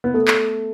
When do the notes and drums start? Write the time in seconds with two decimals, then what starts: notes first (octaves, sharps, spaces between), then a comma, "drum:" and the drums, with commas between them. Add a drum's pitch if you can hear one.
0.04 B3
0.14 A3 A4
0.28 drum: clap